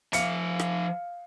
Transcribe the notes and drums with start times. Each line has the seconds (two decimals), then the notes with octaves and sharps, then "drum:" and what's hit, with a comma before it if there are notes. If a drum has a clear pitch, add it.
0.13 F3 E5 F5 C#7, drum: hi-hat
0.59 drum: rim click